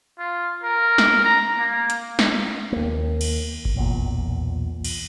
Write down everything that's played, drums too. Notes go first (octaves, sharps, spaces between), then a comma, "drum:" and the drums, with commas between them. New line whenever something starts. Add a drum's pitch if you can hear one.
F4
A#4
drum: snare
A#5
A#3
drum: hi-hat
drum: snare
D#2 A#3
drum: cymbal
drum: kick G1
B1 E2 A#2
drum: cymbal